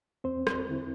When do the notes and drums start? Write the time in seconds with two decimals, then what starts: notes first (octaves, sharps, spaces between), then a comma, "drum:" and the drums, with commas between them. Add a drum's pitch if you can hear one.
0.24 E2 C4 C5
0.47 drum: rim click
0.69 D3 C4 E4